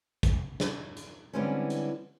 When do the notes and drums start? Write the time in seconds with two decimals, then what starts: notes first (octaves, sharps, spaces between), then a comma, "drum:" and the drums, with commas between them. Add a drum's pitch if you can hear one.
0.23 drum: kick, hi-hat
0.60 drum: snare
0.97 drum: hi-hat
1.33 D3 E3 G3 G#3 C4 C#4
1.70 drum: hi-hat